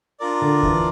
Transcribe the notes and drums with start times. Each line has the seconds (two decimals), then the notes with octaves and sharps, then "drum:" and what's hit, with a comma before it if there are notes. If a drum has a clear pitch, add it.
0.20 D4 F4 A#4 D5
0.41 D3
0.63 E3, drum: kick C#2